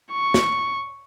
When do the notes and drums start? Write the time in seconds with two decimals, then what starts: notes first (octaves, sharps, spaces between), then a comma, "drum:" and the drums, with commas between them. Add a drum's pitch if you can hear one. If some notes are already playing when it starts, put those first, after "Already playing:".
0.13 C#6
0.34 drum: snare